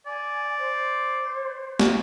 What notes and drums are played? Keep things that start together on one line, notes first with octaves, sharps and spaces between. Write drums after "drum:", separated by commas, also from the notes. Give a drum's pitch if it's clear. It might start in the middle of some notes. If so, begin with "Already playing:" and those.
D5 G#5
C5
drum: snare